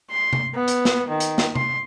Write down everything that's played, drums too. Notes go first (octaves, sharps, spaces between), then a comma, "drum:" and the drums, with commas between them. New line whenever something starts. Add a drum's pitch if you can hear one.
C6
drum: tom C3
B3
drum: hi-hat
drum: snare
D#3
drum: hi-hat
drum: snare
C6, drum: tom C3